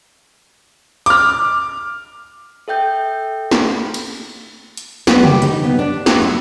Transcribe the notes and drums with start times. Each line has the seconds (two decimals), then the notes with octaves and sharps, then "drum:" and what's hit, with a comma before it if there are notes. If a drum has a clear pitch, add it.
1.06 D6 F6, drum: hi-hat
2.68 A4 E5 G5 G6
3.51 drum: snare
3.94 drum: cymbal
4.77 drum: hi-hat
5.07 B3, drum: snare
5.23 G4, drum: tom C3
5.42 D#4, drum: hi-hat
5.64 B3
5.79 D4
6.06 G4, drum: snare
6.22 E4